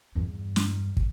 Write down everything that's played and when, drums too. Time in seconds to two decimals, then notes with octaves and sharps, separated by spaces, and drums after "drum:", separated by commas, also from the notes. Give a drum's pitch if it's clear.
0.15 E2 G2
0.56 drum: snare
0.97 drum: kick